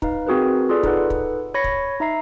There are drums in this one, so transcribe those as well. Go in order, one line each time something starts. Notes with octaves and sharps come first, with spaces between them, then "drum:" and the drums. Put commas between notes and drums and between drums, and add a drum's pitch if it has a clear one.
D#4 B4 F5, drum: kick
C4 F#4 G#4 A#4 B4
F4 G#4 A4 B4 D5
D#4 A4 B4 F#5, drum: kick
drum: kick
C#5 B5 A#6 C#7
drum: kick
D#4 E5 A#5 C7